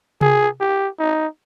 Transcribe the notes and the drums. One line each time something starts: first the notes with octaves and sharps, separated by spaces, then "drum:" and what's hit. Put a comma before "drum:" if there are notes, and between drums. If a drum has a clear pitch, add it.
G#4, drum: tom C3
G4
D#4